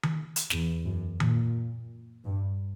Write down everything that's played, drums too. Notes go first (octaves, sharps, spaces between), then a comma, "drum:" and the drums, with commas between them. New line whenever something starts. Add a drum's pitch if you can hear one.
drum: tom D#3
drum: hi-hat
E2, drum: snare
F#2
A#2, drum: tom D#3
G2